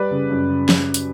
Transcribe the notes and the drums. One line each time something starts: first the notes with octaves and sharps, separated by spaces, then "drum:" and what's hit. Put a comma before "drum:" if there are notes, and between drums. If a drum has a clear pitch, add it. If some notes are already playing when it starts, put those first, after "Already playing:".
Already playing: G3 B4 D5
C#3
F#2
C#3
drum: snare
drum: hi-hat